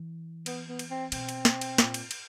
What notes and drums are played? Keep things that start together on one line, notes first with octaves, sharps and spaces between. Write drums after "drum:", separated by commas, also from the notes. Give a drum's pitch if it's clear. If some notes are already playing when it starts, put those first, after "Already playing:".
Already playing: E3
B3, drum: cymbal
B3
drum: cymbal
C4
B2 C4, drum: cymbal
drum: cymbal
drum: snare
drum: cymbal
A#2, drum: snare
drum: cymbal
drum: cymbal